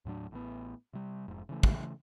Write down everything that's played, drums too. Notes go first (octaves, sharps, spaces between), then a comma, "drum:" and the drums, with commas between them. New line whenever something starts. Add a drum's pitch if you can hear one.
D#2 A2 F#3 D4
A1 A2 C3 B3
C3 G3
F1 F2 G#2
C#3 E3 A3
drum: kick